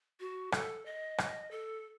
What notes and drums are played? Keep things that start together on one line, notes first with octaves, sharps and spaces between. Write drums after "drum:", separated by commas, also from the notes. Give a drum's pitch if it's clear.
F#4
A4, drum: rim click
D#5
drum: rim click
A4